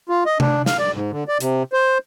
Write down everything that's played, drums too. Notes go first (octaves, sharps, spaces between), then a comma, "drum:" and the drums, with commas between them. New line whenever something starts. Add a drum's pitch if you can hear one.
F4
D#5
D4, drum: tom C3
F5, drum: snare
D5
G#2
D3
D5
C3, drum: hi-hat
C5